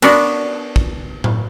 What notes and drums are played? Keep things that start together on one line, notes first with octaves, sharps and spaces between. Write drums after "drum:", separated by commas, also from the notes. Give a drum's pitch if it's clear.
B3 D4 F#4 A#4 B4 A5, drum: cymbal
drum: kick
drum: tom A2